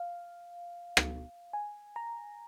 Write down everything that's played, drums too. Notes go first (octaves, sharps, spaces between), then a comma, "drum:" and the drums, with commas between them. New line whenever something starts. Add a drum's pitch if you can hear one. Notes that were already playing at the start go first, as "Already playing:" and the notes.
Already playing: F5
drum: rim click
G#5
A#5